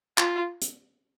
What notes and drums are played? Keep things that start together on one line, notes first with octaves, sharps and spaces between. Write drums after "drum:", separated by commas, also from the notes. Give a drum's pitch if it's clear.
F4, drum: clap
drum: hi-hat